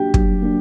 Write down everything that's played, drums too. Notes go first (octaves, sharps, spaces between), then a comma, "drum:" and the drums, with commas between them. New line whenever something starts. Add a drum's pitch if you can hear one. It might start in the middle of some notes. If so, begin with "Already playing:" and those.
Already playing: F#3 A#3 D4 F#4 G4
F#3, drum: kick
A#3 D4